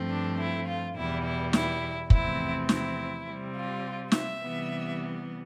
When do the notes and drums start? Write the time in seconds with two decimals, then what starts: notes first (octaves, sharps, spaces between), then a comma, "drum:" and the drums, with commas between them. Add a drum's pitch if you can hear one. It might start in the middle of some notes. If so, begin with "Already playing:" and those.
Already playing: G2 F3 A3 C4
0.09 D4
0.39 E4
0.67 F4
0.96 E2 B2 G3 E4
1.24 E4
1.53 E4, drum: snare
2.10 E2 C3 F3 A3 C4 E4, drum: kick
2.69 E4, drum: snare
3.25 C3 G3 C4
3.55 F4
4.12 E5, drum: snare
4.40 C3 E3 G3 B3